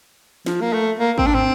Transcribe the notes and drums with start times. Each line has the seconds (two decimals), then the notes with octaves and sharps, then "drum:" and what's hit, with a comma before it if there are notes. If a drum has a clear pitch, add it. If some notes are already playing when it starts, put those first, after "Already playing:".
0.46 F3, drum: snare
0.62 A#3
0.73 A3
0.99 A#3
1.18 C4, drum: kick
1.26 D4
1.35 C4, drum: tom